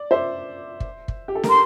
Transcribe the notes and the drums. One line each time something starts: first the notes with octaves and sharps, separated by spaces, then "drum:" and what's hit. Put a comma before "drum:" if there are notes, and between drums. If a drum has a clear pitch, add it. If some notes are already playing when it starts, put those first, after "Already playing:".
Already playing: D5
C5 E5
drum: kick
drum: kick
G4
A4
A#4, drum: snare
C6